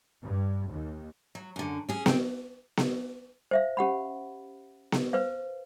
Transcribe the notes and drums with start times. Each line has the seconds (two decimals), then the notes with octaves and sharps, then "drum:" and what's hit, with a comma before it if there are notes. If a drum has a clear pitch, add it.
0.21 G2
0.69 D#2
1.35 F#3
1.56 F#2 D3
1.89 C#4 G#4
2.06 C4, drum: snare B3
2.77 drum: snare B3
3.51 C5 E5 F5
3.77 C#4 G4 F#5 B5
4.92 drum: snare B3
5.13 B4 C5 F5